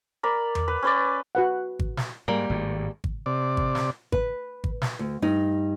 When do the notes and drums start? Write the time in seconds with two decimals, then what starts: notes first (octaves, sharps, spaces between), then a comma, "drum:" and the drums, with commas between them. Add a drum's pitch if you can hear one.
0.23 A#4 D5 B5
0.55 drum: tom E2
0.68 B4
0.82 C#4 B4 D5
1.35 F#4 B4 F#5
1.79 drum: kick G#1
1.97 drum: snare
2.28 G#2 G3 A#3
2.50 G#1 A2
3.04 drum: kick G#1
3.26 C3 D5
3.57 drum: kick G#1
3.75 drum: snare
4.12 B4, drum: kick G#1
4.64 drum: kick G#1
4.82 drum: snare
4.99 D2
5.22 G2 D#4